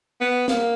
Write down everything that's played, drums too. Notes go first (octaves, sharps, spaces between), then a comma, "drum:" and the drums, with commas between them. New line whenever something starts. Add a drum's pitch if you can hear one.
B3
A#3, drum: snare